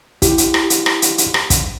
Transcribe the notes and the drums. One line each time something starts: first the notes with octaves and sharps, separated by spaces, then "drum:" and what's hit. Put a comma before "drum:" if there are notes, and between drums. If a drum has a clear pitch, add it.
E4 G4, drum: kick, hi-hat
drum: hi-hat
drum: rim click
drum: hi-hat
drum: rim click
drum: hi-hat
drum: hi-hat
drum: rim click
drum: kick, hi-hat